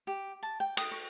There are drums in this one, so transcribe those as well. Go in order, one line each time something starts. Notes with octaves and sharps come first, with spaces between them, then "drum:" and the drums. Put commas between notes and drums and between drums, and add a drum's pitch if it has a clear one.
G4
A5
G5
D#6, drum: cymbal
C#6